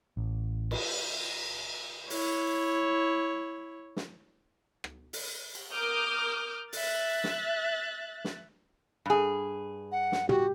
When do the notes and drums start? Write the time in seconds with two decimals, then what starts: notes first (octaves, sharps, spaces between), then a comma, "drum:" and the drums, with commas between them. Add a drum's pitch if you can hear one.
0.17 A1
0.71 drum: cymbal
2.10 E4 C#5, drum: open hi-hat
3.96 drum: snare
4.84 drum: rim click
5.13 drum: open hi-hat
5.55 drum: cymbal
5.73 A#4 D6 D#6 F6 G6
6.73 E5 F#6 A6, drum: open hi-hat
7.24 drum: snare
8.25 drum: snare
9.06 G2 G#4
9.92 F#5
10.12 drum: snare
10.29 F#4 G4, drum: tom